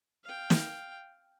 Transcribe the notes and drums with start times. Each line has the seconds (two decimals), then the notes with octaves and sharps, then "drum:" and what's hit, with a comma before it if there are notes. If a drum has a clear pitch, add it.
0.24 F5 G5
0.50 drum: snare